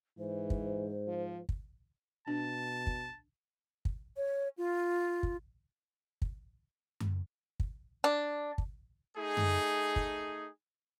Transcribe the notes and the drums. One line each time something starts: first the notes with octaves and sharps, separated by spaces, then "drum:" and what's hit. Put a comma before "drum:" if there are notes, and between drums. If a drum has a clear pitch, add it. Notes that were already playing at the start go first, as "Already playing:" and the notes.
G#2 E3 C5
drum: kick
F3
drum: kick
B2 D4 A5
drum: kick
drum: kick
C#5
F4
drum: kick
drum: kick
drum: tom F#2
drum: kick
D4
drum: kick
A3 D#4 G#4
drum: tom F#2
drum: kick